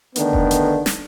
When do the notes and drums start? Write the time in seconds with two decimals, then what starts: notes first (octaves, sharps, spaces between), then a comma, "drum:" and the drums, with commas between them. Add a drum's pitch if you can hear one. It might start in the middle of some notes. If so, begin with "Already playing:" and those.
0.16 D3 D#3 A3 B3 D4, drum: hi-hat
0.33 drum: kick F1
0.51 drum: hi-hat
0.86 drum: snare